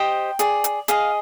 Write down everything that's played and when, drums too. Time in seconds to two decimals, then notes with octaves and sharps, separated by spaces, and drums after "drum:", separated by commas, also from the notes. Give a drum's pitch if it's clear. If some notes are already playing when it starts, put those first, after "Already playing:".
Already playing: G4 C5 D#5 G5
0.39 G#4 D5, drum: hi-hat
0.64 drum: hi-hat
0.88 G#4 D#5 F5, drum: hi-hat